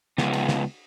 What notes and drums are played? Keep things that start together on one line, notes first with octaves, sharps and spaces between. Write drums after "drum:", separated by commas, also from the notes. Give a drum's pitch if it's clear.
C#2 B3, drum: snare
drum: cymbal
drum: snare